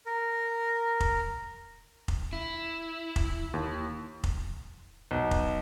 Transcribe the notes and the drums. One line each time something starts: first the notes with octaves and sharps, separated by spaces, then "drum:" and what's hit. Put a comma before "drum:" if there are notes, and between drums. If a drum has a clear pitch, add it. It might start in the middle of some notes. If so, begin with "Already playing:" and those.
A#4
drum: kick F1
drum: kick F1
E4
drum: kick F1
D#2
drum: kick F1
B1
drum: kick F1